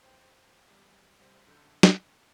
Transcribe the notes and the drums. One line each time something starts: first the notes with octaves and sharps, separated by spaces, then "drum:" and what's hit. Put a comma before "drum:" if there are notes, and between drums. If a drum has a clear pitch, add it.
C5 G5
E2 G3
C2 G3 C5
F#2 D3 A4 G6
drum: snare